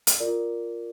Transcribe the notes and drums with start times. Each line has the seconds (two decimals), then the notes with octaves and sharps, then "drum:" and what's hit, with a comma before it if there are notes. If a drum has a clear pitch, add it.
0.07 drum: hi-hat
0.20 F4 A#4 D5